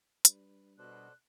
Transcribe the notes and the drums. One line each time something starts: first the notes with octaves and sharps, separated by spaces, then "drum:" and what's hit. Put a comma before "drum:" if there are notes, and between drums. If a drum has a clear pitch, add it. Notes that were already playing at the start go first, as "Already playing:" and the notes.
G3 D4 B4, drum: hi-hat
B2 A4 C5 D5 F#6